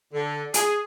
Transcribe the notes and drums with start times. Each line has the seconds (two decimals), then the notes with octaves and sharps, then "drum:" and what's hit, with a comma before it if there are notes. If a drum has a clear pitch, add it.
0.13 D3
0.54 G#4, drum: hi-hat